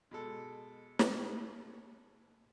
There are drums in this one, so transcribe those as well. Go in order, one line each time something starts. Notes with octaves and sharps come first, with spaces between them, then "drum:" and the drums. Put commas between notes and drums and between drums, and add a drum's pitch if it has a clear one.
B2 G#3 A4
drum: snare